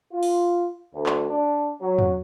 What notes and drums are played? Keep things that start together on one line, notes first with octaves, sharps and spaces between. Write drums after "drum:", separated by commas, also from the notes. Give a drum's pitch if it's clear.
F4
drum: open hi-hat
D2
drum: clap
D4
F#3
drum: tom